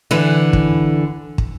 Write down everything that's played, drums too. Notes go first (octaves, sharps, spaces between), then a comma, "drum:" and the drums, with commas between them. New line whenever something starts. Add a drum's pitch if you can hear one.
D3 E3
drum: kick
drum: kick